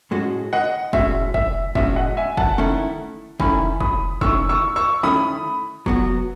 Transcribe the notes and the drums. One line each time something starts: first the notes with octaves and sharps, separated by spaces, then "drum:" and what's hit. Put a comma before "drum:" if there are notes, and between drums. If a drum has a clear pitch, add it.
A2 G#3 C#4 F#4
D#5 F#5
A2 G#3 C#4 F#4 E5, drum: kick
E5, drum: kick
A2 G#3 C#4 F#4 E5, drum: kick
D#5 F#5
E5 G#5
F#5 A5, drum: kick
D#3 A3 C#4 E4
D#3 A3 C#4 E4 G#5 B5, drum: kick
B5 D#6, drum: kick
D#3 A3 C#4 E4 C#6 E6, drum: kick
C#6 E6
C#6 E6
D#3 A3 C#4 E4 B5 D#6
F#3 B3 F#4, drum: kick